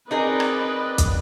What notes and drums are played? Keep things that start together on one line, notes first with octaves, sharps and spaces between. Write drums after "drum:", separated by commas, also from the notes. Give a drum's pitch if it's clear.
C4 D#4 G#4 A#4 B4 D5 D#5
drum: rim click
drum: kick, hi-hat